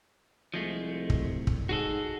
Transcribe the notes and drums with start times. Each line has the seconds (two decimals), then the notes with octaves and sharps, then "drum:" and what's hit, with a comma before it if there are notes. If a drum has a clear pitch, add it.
0.54 C2 F3 G#3 A3
1.10 drum: kick
1.47 drum: kick
1.69 G#2 F#4 G#4 A4